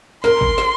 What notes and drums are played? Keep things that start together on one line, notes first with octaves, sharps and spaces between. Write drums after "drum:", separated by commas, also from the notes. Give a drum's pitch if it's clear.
A#4 C6, drum: snare
drum: kick
drum: snare